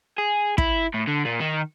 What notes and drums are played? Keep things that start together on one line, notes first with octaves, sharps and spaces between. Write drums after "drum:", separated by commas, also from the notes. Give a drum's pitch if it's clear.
G#4
E4, drum: kick
A2
D3
A#2
D#3